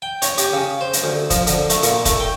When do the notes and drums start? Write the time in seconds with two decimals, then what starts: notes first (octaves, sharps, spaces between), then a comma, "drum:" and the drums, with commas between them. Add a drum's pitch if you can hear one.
0.02 G5
0.22 C#5, drum: hi-hat
0.38 G4, drum: hi-hat
0.53 C#3
0.81 C5
0.93 drum: hi-hat
1.04 D2
1.30 F3, drum: kick, hi-hat
1.47 D3, drum: hi-hat
1.70 A3, drum: hi-hat
1.83 A#2, drum: hi-hat
2.05 A3, drum: kick, hi-hat
2.20 G5